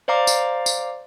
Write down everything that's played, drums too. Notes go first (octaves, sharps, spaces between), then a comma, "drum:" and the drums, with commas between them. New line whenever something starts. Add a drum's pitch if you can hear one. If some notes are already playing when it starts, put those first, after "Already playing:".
C5 D5 F5 A#5 D6
drum: tambourine
drum: tambourine